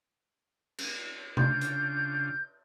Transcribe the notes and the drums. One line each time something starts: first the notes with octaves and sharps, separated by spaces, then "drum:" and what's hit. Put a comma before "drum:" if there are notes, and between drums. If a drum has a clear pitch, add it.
drum: cymbal
C#3 D4 F4 G6, drum: tom C3
drum: hi-hat